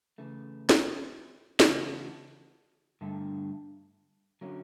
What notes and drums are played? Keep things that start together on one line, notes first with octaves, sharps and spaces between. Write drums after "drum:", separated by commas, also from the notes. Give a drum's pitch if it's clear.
C#3 E3 A3
drum: snare
C#3 E3 A3 D4 F#4, drum: snare
G2 D3 A3
D3 F#3 C#4 E4